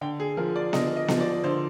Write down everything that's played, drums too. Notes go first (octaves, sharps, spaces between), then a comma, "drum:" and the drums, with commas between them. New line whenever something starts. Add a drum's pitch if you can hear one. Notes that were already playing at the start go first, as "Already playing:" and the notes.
D3 G5
G#4
F3 A#4
D5
D3 D#5, drum: snare B3
D#5
F3, drum: snare B3
D5
D3 C5